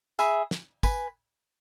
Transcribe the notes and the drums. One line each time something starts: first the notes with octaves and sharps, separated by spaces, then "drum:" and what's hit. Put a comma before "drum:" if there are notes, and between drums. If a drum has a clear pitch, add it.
G#4 E5 B5, drum: tambourine
drum: snare
B4 G#5 B5, drum: kick, tambourine